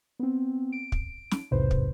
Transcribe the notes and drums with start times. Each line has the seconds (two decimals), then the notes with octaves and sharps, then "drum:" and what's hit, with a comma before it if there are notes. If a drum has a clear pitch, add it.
0.19 B3 C4
0.72 D7
0.92 drum: kick
1.31 drum: snare
1.51 B1 E2 G#2 C3 B4 C5
1.71 drum: kick